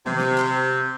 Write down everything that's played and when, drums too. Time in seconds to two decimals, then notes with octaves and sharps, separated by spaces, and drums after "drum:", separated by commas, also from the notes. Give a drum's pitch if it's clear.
0.06 C3, drum: tom
0.20 drum: snare
0.38 drum: clap